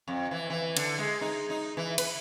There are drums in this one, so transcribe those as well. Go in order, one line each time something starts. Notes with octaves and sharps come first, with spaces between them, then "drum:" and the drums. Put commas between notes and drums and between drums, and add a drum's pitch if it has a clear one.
F2
E3
E3
D3, drum: cymbal
G#3
D#4
D#4
E3
B4, drum: cymbal